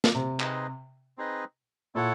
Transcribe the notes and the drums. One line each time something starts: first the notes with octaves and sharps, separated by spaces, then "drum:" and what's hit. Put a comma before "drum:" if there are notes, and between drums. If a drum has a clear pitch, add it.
drum: snare
C3
C4 D#4 G#4 B4 D#5, drum: clap
C4 D#4 G#4 B4 D#5
A#2 E4 A4 C#5 F#5